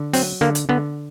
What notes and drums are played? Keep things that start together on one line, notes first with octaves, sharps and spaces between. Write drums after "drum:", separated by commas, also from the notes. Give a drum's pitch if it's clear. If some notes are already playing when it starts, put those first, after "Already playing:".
Already playing: D3
F#3 C4, drum: open hi-hat
D3 A#3
drum: hi-hat
D3 B3